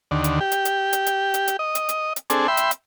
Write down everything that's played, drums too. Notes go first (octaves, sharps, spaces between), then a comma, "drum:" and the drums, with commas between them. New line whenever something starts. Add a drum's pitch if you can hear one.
D#2 D3
drum: hi-hat
G4
drum: hi-hat
drum: hi-hat
drum: hi-hat
drum: hi-hat
drum: hi-hat
drum: hi-hat
D#5
drum: hi-hat
drum: hi-hat
drum: hi-hat
C4 D4 G#4 A4, drum: hi-hat
E5 G5 B5 C6
drum: hi-hat
drum: hi-hat